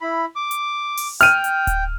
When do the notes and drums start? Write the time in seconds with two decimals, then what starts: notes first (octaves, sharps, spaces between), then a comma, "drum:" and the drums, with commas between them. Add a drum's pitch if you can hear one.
0.01 E4 B5
0.36 D6
0.51 drum: hi-hat
0.97 drum: open hi-hat
1.21 G5 F6 D#7, drum: hi-hat
1.44 drum: hi-hat
1.67 drum: kick D1, hi-hat